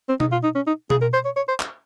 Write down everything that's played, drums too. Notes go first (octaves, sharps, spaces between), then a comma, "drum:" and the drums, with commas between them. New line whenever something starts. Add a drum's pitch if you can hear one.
C4
D#4, drum: tom B2
F4
D#4
C#4
D#4
G#4, drum: tom B2
A#4
C5
C#5
C#5
C5
drum: clap